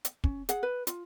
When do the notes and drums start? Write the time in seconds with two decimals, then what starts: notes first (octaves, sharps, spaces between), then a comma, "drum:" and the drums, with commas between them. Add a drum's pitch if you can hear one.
0.05 drum: hi-hat
0.24 C#4, drum: kick
0.49 G#4 F#5, drum: hi-hat
0.63 B4
0.87 F4, drum: hi-hat